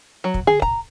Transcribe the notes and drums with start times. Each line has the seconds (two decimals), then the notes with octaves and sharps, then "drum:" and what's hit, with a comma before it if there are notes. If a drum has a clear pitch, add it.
0.24 F#3
0.34 drum: kick
0.47 G#4, drum: tom
0.62 A#5, drum: kick